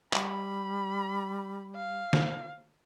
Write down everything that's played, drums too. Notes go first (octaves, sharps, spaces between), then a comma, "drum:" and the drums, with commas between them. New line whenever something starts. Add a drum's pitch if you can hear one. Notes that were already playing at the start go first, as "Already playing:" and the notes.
G3 B5, drum: clap
F5
drum: snare